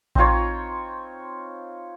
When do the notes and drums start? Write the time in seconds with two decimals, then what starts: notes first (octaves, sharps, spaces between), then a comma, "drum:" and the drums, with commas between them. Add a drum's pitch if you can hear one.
0.15 C4 D#4 F4 C#5, drum: kick A1